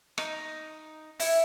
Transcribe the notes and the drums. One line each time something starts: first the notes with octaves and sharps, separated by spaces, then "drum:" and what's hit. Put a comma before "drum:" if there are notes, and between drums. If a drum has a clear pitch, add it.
D#4, drum: rim click
E4, drum: open hi-hat